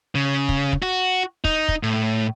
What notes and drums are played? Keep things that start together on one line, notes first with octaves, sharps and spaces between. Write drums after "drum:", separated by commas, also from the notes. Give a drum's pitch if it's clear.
C#3
drum: kick
drum: kick
F#4
D#4, drum: kick
drum: kick
A2